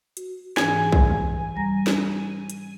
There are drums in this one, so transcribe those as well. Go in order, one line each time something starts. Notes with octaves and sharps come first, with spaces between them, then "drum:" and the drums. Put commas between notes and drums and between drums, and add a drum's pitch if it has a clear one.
F#4, drum: hi-hat
G#2 E3 G#4 G#5, drum: snare
drum: kick B1
G3 A#5 A#6
drum: snare
drum: hi-hat